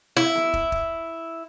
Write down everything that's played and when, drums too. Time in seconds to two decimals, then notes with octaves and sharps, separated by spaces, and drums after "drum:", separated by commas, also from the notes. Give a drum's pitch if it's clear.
0.17 E4
0.35 drum: snare B3
0.54 drum: kick
0.72 drum: kick